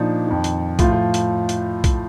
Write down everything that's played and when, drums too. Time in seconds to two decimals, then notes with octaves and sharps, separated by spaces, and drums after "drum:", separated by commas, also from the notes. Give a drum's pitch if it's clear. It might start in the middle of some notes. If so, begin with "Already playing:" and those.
Already playing: A#2 F3 D4 D#4
0.27 F2 D#3
0.44 drum: hi-hat
0.79 A2 F3 F4, drum: kick, hi-hat
0.92 F4
1.14 drum: hi-hat
1.49 drum: hi-hat
1.84 drum: kick, hi-hat